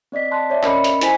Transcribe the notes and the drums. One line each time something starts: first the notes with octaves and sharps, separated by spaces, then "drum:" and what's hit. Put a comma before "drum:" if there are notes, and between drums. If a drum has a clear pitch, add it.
C4 D5 D#5 B6
A5 C6 F#6
C#5 D5 E5
C#4 A#4 D#5 B5 C#7, drum: clap
D#5, drum: hi-hat
E4 C5 G#5 B6, drum: hi-hat